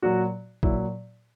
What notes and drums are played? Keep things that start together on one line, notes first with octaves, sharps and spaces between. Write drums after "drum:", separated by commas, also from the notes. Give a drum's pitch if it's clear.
A#2 F#3 F#4
A#2 F#3 E4, drum: kick